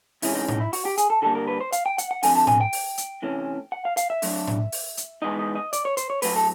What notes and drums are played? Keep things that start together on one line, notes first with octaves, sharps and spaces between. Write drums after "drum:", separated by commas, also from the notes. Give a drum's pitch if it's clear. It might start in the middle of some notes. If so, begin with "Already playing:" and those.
C3 E3 G#3 C#4 E4, drum: open hi-hat
D#4
D#4, drum: tom A2
E4
F#4, drum: open hi-hat
G4
G#4, drum: hi-hat
A4
D3 G3 A#3 A4
A#4
B4
C5
F5, drum: hi-hat
G5
F#5, drum: hi-hat
F#5
D3 F3 A3 C4 G#5, drum: open hi-hat
A5
G#5, drum: tom A2
G5
drum: open hi-hat
drum: hi-hat
C3 E3 A3 C#4
F#5
F5
F5, drum: hi-hat
E5
D3 F#3 A3 D4, drum: open hi-hat
drum: tom A2
drum: open hi-hat
drum: hi-hat
E3 G#3 B3 D#4 D#5
D#5
D#5
D5, drum: hi-hat
C#5
C5, drum: hi-hat
C#5
A2 F#3 A3 B4, drum: open hi-hat
A4